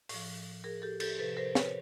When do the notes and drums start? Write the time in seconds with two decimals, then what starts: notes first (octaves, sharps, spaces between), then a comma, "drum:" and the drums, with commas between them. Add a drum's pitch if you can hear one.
0.09 A2 F3, drum: open hi-hat
0.64 G#4 A#4
0.82 G4 A4
1.00 G4 A4, drum: cymbal
1.19 C3 F3 A4 B4
1.37 A#4 C5
1.55 B4 C#5, drum: snare